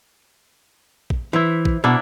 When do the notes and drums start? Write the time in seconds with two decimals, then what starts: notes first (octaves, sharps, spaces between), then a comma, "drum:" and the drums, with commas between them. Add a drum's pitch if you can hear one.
1.10 drum: kick
1.33 E3 E4 C5
1.65 drum: kick
1.84 B2 A#3 D4 E4